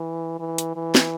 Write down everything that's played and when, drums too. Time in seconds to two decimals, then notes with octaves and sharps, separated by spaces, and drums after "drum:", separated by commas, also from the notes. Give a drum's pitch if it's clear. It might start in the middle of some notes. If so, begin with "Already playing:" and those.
Already playing: E3
0.40 E3
0.58 drum: hi-hat
0.77 E3
0.95 drum: snare